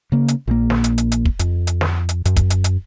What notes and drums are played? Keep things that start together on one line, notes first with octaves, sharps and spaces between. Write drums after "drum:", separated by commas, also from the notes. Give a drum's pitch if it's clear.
C#3 A#3
drum: hi-hat
A#1 A#3
drum: snare
drum: hi-hat
drum: hi-hat
drum: hi-hat
drum: kick
F2, drum: hi-hat
drum: hi-hat
drum: snare
drum: hi-hat
F#2, drum: hi-hat
drum: kick, hi-hat
drum: hi-hat
drum: hi-hat